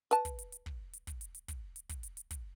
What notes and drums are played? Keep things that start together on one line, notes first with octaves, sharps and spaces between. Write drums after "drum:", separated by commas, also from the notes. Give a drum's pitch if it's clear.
B4 A5, drum: hi-hat
drum: kick, hi-hat
drum: hi-hat
drum: hi-hat
drum: kick
drum: hi-hat
drum: kick, hi-hat
drum: hi-hat
drum: hi-hat
drum: kick, hi-hat
drum: hi-hat
drum: kick, hi-hat
drum: hi-hat
drum: hi-hat
drum: kick, hi-hat